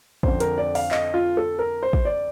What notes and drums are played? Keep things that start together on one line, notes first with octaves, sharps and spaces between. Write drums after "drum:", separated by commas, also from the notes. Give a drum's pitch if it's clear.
F2 D3 C5, drum: kick
A#4, drum: hi-hat
D5
F5, drum: open hi-hat
D#5, drum: clap
F4
A4
A#4
C5
drum: kick
D5